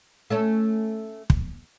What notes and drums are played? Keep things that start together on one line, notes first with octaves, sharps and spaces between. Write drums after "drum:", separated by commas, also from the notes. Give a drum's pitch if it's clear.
A3 C#4 A4
drum: kick